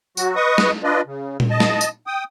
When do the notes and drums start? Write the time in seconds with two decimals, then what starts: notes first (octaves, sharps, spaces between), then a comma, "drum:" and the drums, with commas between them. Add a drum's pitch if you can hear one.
0.17 F#3 F#4, drum: tambourine
0.36 B4 D#5 C#6 D#6
0.58 drum: snare
0.83 D4 F4 B4 D5 D#5
1.06 C#3
1.40 drum: tom A#2
1.50 D#5 A5
1.60 drum: snare
1.81 drum: tambourine
2.07 G5 D#6